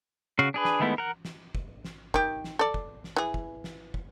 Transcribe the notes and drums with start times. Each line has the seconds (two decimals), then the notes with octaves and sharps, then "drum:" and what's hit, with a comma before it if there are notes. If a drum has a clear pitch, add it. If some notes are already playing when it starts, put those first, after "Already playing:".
0.39 C#3 F#4 F5
0.54 D4 G#4 B4
0.65 drum: snare
0.80 D#3 G#3 A3 B3 E4
0.98 A#4 F#5
1.25 drum: snare
1.55 drum: kick
1.85 drum: snare
2.14 D#3 G4, drum: kick
2.44 drum: snare
2.59 A4 D5
2.74 drum: kick
3.04 drum: snare
3.16 E3 G#4
3.34 drum: kick
3.64 drum: snare
3.94 drum: kick